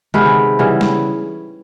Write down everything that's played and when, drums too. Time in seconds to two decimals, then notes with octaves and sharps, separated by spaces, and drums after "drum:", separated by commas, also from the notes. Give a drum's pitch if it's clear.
0.14 C3 D#3 G#3 B3 B4, drum: tom D3
0.59 C#3 E3 G3 B3
0.81 drum: snare